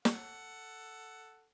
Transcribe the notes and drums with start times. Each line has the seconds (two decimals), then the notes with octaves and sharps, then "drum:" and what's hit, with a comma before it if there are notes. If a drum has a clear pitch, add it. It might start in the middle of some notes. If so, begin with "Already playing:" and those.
0.05 A4 F#5, drum: snare